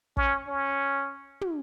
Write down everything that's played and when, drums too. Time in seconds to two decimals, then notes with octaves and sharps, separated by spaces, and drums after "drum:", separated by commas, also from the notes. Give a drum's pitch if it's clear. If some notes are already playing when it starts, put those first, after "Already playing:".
0.17 C#4, drum: kick
0.47 C#4
1.41 drum: tom